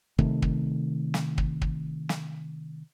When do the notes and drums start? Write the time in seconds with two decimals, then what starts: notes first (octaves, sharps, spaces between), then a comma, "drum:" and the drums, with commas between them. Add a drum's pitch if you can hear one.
0.19 C3 D#3 A3, drum: kick
0.42 drum: kick
1.14 drum: snare
1.38 drum: kick
1.62 drum: kick
2.09 drum: snare